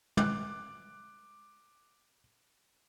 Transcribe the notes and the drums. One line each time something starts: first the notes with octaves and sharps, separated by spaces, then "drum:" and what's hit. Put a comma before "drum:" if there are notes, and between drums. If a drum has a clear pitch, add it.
D6 F#6, drum: tom